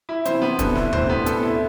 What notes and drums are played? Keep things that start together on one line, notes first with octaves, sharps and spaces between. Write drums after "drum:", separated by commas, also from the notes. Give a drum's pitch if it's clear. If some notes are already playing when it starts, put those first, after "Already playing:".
E4
C3 E3 C5, drum: hi-hat
B3
B2 D3 A4, drum: kick, hi-hat
E4, drum: snare
A2 C3 C5, drum: tom D#2
B3
A4, drum: hi-hat
E4